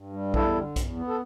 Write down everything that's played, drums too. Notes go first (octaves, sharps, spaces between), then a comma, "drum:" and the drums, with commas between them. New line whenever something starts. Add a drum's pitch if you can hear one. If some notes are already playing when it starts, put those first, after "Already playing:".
Already playing: G2
G3
E2 E4 A4, drum: kick A#1
D3
E2, drum: kick A#1, hi-hat
B3
A4